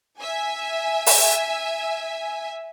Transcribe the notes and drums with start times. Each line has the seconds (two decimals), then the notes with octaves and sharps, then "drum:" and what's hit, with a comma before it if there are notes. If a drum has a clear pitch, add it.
0.19 E5 G#5
1.06 drum: open hi-hat